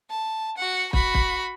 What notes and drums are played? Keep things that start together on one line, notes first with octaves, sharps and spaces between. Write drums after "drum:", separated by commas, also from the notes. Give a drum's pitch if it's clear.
A5
F#4 F#5
F#4 B5, drum: kick
drum: kick